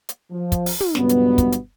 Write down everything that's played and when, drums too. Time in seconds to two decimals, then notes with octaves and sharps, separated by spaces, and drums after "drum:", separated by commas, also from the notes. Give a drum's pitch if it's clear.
0.09 drum: hi-hat
0.31 F3
0.52 drum: kick, hi-hat
0.66 drum: open hi-hat
0.81 drum: tom
0.95 C#2 G2 B2 F#3 B3, drum: snare
1.09 drum: hi-hat
1.38 drum: kick, hi-hat
1.52 drum: hi-hat